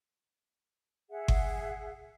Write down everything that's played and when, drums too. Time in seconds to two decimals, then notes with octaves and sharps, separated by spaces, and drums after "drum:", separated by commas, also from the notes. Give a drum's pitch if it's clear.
1.10 G#4 E5 F#5
1.28 drum: kick G1